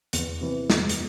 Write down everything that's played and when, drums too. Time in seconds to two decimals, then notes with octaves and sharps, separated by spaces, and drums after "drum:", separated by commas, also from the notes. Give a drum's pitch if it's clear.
0.13 E2, drum: hi-hat
0.41 C3 E3
0.70 E2, drum: snare
0.89 drum: hi-hat